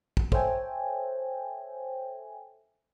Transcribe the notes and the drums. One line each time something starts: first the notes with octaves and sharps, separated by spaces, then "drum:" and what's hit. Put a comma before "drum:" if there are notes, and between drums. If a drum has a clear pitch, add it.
drum: kick
A4 C5 C#5 E5 G5 G#5, drum: kick